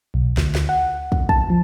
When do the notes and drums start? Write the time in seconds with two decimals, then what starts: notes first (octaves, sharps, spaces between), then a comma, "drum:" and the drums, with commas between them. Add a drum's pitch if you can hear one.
0.14 B1
0.37 D2, drum: snare
0.55 drum: snare
0.69 F#5
1.12 drum: kick
1.29 A5, drum: kick
1.50 F3